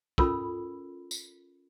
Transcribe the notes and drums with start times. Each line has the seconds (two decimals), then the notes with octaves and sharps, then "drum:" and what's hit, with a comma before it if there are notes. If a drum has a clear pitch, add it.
0.18 C#4 F4 A4 A#4 B5 E6, drum: kick
1.11 drum: tambourine